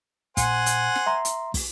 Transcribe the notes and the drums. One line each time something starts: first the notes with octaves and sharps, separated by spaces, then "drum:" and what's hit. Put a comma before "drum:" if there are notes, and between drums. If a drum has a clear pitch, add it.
A#2 C5 F#5 G#5, drum: kick, hi-hat
drum: hi-hat
drum: snare
E5 A#5 C6
drum: hi-hat
drum: kick, open hi-hat